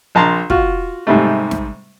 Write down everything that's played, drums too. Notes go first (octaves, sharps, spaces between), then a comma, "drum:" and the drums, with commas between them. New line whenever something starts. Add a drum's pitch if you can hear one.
A#1 A5 A#5 C6
F4 F#4, drum: kick
G#2 C3 G3 A3
drum: snare